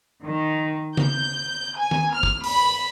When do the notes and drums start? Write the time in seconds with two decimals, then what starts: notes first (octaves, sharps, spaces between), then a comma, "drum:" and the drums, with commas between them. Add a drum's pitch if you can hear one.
0.23 D#3
0.97 G6, drum: tom C#3
1.77 G#5
1.91 drum: tom D#3
2.12 F6
2.23 drum: kick
2.44 B5, drum: open hi-hat